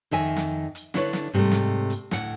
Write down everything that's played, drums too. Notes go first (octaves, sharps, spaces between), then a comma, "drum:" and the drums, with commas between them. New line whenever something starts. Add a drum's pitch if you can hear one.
F2 D#3 E5 G#5
drum: snare
drum: hi-hat
D3 D4 E4 B4 C#5, drum: snare
drum: snare
G#2 C3 F3 G3 A3
drum: snare
drum: hi-hat
D2 A2 F#5, drum: snare